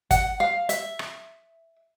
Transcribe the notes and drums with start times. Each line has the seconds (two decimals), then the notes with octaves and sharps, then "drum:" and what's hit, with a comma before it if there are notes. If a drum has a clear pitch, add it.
0.11 F#5, drum: kick, hi-hat
0.40 F5
0.69 E5, drum: hi-hat
0.99 drum: rim click